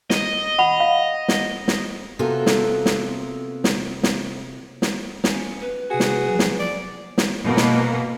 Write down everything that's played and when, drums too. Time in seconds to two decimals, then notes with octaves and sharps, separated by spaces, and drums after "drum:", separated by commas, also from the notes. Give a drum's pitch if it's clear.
0.10 D#5, drum: snare
0.59 F#5 B5
0.80 F5
1.28 drum: snare
1.68 drum: snare
2.19 C3 A#3 B3 F4 F#4 A4
2.46 drum: snare
2.86 drum: snare
3.64 drum: snare
4.03 drum: snare
4.82 drum: snare
5.24 B3 C#4 F5, drum: snare
5.60 B4
5.90 C3 F#4 G#4 G#5
6.00 drum: snare
6.29 F3 F#3
6.39 drum: snare
6.59 D5
7.18 drum: snare
7.44 B2 A#3
7.57 drum: snare